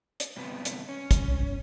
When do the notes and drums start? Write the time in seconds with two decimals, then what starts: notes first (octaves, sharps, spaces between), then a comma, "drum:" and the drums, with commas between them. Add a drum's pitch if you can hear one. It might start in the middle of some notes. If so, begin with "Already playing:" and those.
0.20 drum: hi-hat
0.37 G2 C3 B3
0.65 drum: hi-hat
0.89 C#4
1.11 C2, drum: kick, hi-hat
1.39 G1